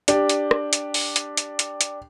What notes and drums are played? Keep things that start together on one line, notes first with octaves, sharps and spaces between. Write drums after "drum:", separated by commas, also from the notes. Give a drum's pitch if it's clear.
D4 G4, drum: hi-hat
drum: hi-hat
drum: rim click
drum: hi-hat
drum: open hi-hat
drum: hi-hat
drum: hi-hat
drum: hi-hat
drum: hi-hat